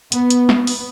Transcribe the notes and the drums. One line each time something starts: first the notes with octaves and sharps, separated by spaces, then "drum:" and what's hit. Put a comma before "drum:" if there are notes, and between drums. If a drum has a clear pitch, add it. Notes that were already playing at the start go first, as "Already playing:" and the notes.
B3, drum: hi-hat
drum: hi-hat
drum: snare
drum: open hi-hat